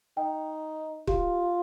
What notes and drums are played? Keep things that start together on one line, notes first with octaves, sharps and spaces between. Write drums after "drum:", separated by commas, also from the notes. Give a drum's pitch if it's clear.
D#4 G5
F4 G4, drum: kick